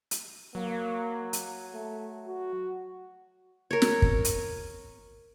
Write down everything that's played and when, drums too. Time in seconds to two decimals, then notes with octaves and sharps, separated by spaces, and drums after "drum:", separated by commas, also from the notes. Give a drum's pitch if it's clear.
0.11 drum: hi-hat
0.55 F#3 A#3
1.33 drum: hi-hat
1.73 A3
2.26 F#4
3.71 A#4 C#5
3.82 drum: snare
4.02 drum: kick
4.25 drum: hi-hat